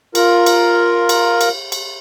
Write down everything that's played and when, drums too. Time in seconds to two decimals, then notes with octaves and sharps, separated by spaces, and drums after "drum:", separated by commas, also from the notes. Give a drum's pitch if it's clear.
0.15 F4 A#4, drum: cymbal
0.46 drum: cymbal
1.09 drum: cymbal
1.41 drum: cymbal
1.72 drum: cymbal